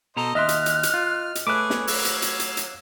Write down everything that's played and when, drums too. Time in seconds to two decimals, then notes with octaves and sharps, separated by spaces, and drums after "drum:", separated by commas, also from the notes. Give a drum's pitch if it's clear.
0.17 B2 A4 C5 D#5 A#5
0.35 D#2 D#5 E5 C6 F6 F#6
0.49 drum: hi-hat
0.66 drum: hi-hat
0.83 drum: hi-hat
0.94 F4
1.35 drum: hi-hat
1.47 A3 G#4 B4 C#5 E5 D6 F#6
1.70 drum: snare
1.87 F#3 F5 E6, drum: open hi-hat
2.05 drum: hi-hat
2.22 drum: hi-hat
2.40 drum: hi-hat
2.57 drum: hi-hat